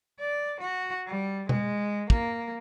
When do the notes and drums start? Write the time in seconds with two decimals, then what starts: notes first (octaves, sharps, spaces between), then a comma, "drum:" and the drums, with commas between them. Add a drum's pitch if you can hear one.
0.19 D5
0.60 F#4
1.06 G3
1.49 G#3, drum: tom
2.10 A#3, drum: kick